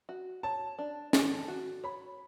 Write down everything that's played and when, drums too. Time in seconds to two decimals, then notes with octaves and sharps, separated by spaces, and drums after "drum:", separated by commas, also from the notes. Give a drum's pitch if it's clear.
0.09 F#4
0.43 C#5 A5
0.79 D4
1.13 A4, drum: snare
1.48 F#4
1.84 C#5 B5